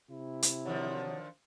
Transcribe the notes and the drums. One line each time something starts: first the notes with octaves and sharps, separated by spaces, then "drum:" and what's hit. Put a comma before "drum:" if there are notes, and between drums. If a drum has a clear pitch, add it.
C3 E4
drum: hi-hat
D3 D#3 F3 F#3